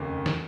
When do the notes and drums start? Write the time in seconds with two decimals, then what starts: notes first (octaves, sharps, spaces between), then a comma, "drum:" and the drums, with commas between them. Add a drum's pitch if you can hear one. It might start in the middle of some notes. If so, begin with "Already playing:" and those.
Already playing: F1 D#2 C#3
0.26 drum: snare